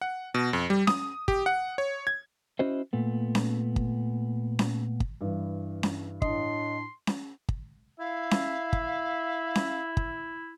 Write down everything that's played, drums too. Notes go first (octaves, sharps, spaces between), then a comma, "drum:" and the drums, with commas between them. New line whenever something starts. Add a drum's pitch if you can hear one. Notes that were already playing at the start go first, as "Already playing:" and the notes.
F#5
B2
F2
G3
D#6, drum: snare C#4
G4, drum: kick
F#5
C#5
G#6
C#4 E4 F#4 C5 D#5
A#2 A3 B3
drum: snare C#4
drum: kick
drum: snare C#4
drum: kick
G2 E3
drum: snare C#4
A2 D4 D#5 C6, drum: kick
drum: snare C#4
drum: kick
E4 E5 F5
drum: snare C#4
drum: kick
drum: snare C#4
drum: kick